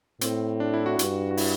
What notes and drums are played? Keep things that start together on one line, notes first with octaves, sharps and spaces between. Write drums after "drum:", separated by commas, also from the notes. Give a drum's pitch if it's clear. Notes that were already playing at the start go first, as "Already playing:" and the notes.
A2 C4, drum: hi-hat
D4
E4
F#4
G2, drum: hi-hat
F#4
E4, drum: open hi-hat